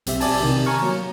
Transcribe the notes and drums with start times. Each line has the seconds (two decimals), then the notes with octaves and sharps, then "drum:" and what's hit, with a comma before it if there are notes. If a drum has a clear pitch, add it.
0.07 B1 C4 G4 E5, drum: hi-hat
0.20 D5 G#5 A5, drum: open hi-hat
0.40 C3 D#3
0.66 G#5 A#5 C#6 F6
0.82 F#3 A#3